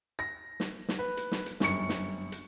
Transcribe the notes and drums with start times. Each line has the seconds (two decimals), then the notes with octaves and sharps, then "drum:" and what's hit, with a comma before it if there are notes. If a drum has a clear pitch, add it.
0.19 A#6
0.60 drum: snare
0.88 drum: snare
0.99 B4
1.17 drum: hi-hat
1.32 drum: snare
1.46 drum: hi-hat
1.60 G1 F#2 C#6 C#7, drum: snare
1.89 drum: snare
2.32 drum: hi-hat